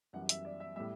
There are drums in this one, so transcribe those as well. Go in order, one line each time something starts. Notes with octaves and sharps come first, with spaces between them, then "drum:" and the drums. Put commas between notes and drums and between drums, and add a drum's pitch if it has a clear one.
F#2 E3 G3 F#5
E5, drum: hi-hat
D5
E5
A2 G3 E5